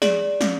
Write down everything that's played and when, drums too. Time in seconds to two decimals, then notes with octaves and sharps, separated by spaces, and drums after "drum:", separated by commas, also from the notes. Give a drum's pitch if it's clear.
0.02 G#4 D5, drum: snare
0.41 C#4, drum: snare